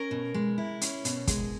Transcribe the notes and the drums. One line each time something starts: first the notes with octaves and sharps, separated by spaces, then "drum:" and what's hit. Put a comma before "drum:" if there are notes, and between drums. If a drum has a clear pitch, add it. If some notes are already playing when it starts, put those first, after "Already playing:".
Already playing: C#4 A#4
B2
G#3
E4
C#4, drum: hi-hat
B2, drum: hi-hat
G#3, drum: kick, hi-hat